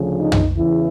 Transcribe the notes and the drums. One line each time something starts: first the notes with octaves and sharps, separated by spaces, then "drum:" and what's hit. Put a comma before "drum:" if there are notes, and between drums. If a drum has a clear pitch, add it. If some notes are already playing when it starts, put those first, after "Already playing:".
Already playing: D2 C#3 F3
D#4
drum: tom
E2 C#3 E3 E4